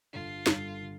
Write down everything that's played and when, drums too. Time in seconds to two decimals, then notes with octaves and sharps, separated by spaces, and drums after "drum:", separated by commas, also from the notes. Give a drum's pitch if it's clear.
0.13 G1 G2 D3 F4
0.46 G1 G2 D3, drum: snare
0.82 D3